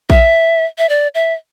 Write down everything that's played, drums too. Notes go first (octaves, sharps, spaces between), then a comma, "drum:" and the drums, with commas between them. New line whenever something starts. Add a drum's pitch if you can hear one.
E5, drum: kick A#1
E5
D5
E5